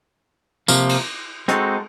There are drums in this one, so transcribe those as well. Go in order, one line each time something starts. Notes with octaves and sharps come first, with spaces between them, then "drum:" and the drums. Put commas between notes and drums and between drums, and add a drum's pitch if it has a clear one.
C3 F3 A#3, drum: tambourine
drum: cymbal
G#3 C4 D#4 F#4 A4, drum: hi-hat